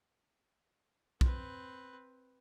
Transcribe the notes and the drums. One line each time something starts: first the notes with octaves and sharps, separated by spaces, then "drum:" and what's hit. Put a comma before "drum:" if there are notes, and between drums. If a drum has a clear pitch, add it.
C4 B4, drum: kick B1